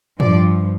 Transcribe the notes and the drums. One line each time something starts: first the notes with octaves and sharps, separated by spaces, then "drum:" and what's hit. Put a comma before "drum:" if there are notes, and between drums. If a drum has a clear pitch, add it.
G2 F3 D5, drum: tom A2